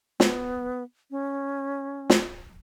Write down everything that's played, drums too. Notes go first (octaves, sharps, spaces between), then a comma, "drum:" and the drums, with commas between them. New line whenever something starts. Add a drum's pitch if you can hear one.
B3, drum: snare
C#4
drum: snare